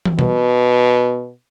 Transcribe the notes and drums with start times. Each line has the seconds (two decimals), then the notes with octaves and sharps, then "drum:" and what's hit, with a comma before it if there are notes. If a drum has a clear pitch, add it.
0.05 drum: tom
0.19 B2, drum: tom B2